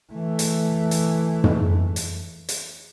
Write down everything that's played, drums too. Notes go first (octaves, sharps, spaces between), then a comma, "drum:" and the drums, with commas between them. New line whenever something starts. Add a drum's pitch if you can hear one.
E3 A3
drum: hi-hat
drum: hi-hat
drum: tom
drum: hi-hat
drum: hi-hat